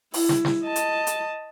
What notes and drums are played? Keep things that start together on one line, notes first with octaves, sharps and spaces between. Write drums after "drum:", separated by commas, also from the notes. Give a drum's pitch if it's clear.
E4, drum: open hi-hat
drum: snare
drum: snare
D#5 A5
drum: hi-hat
drum: hi-hat